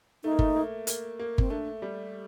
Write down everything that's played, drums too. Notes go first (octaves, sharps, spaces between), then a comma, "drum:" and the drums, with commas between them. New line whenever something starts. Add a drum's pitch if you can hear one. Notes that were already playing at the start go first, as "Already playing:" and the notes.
A3 D#4
A#3
A3, drum: kick G1
A#3
A#3, drum: hi-hat
A#3
C4, drum: kick G1
A3 D4
G3